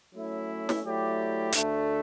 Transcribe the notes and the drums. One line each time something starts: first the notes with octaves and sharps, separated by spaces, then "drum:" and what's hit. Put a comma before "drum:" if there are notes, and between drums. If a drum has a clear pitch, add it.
F#3 A3 C#4 E4
drum: snare
F#3 A3 E4 G4 D5
D2 D3 A3, drum: hi-hat